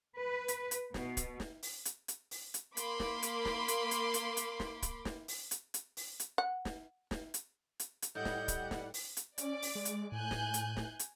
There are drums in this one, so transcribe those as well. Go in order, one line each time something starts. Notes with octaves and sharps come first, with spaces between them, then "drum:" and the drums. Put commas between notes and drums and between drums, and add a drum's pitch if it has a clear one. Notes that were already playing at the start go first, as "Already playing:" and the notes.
B4
drum: hi-hat
drum: hi-hat
B2, drum: snare
drum: kick, hi-hat
drum: snare
drum: open hi-hat
drum: hi-hat
drum: hi-hat
drum: open hi-hat
drum: hi-hat
A#3 B5 C6 D6, drum: hi-hat
drum: snare
drum: hi-hat
drum: snare
drum: hi-hat
drum: hi-hat
drum: hi-hat
drum: hi-hat
drum: snare
drum: kick, hi-hat
drum: snare
drum: open hi-hat
drum: hi-hat
drum: hi-hat
drum: open hi-hat
drum: hi-hat
F#5
drum: snare
drum: snare
drum: hi-hat
drum: hi-hat
drum: hi-hat
A2 G3 D#5 F#5 G6
drum: snare
drum: kick, hi-hat
drum: snare
drum: open hi-hat
drum: hi-hat
C#4 D5 D6, drum: hi-hat
drum: open hi-hat
G#3
drum: hi-hat
A2 G#5 F#6 G6
drum: snare
drum: hi-hat
drum: snare
drum: hi-hat